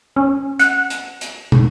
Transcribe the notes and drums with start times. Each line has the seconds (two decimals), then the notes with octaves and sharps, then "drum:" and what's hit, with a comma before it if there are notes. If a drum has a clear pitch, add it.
0.16 C#4
0.59 F#5, drum: hi-hat
0.90 drum: hi-hat
1.21 drum: hi-hat
1.52 drum: tom